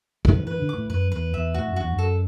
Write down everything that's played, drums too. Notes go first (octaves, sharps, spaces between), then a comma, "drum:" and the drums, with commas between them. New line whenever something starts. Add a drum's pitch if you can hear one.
F#3 B4, drum: kick A1
E3
B4
D3
A2 D6
E2
F#2 B4
E2 B4
E2 E5
A2 F#4
F#2
E2 F#4
F#2
A4